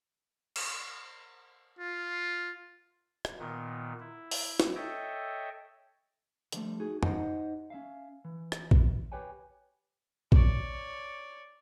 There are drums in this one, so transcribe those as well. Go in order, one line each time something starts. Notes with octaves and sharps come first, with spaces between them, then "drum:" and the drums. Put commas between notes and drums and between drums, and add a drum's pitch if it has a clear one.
drum: cymbal
F4
drum: rim click
A#2 D#3 B3
E4
drum: open hi-hat
drum: snare
A4 C#5 D#5 E5 G5
D3 F3 G3 A3, drum: hi-hat
D#4 F#4 G#4
D#4 G4 C5 D#5 F#5, drum: tom F2
C#4 E5 F5
E3
drum: rim click
drum: kick A#1
G4 B4 C#5 G5 G#5
C#5 D5, drum: kick A#1